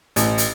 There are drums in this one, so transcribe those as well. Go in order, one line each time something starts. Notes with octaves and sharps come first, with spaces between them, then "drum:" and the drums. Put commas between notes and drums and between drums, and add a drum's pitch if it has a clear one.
A1, drum: hi-hat
drum: hi-hat